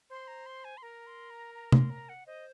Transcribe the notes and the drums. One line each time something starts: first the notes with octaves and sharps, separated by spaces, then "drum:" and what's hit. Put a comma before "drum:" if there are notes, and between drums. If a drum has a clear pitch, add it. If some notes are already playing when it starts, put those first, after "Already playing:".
C5 C6
A#5
C6
G#5
C6
A#4 A#5
C6
A#5
A#5
C6, drum: tom C3
A#5
F#5
C5 D#5